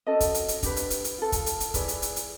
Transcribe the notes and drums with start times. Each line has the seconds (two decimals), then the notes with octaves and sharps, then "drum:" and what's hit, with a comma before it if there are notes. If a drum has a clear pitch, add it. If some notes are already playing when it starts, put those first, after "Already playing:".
0.07 C#4 F#4 A4 D#5
0.20 drum: kick, hi-hat
0.34 drum: hi-hat
0.48 drum: hi-hat
0.63 D4 G4 B4, drum: kick, hi-hat
0.76 drum: hi-hat
0.90 drum: hi-hat
1.04 drum: hi-hat
1.18 F4 A4
1.32 drum: kick, hi-hat
1.46 drum: hi-hat
1.60 drum: hi-hat
1.74 E4 G#4 B4 D5, drum: kick, hi-hat
1.88 drum: hi-hat
2.02 drum: hi-hat
2.16 drum: hi-hat